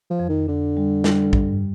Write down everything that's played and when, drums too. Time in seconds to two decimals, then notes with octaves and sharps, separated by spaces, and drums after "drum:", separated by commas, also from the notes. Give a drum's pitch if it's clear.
0.10 F3
0.19 F2
0.29 D#3
0.48 D3 D4
0.77 G3
1.04 G3, drum: snare
1.33 G2, drum: kick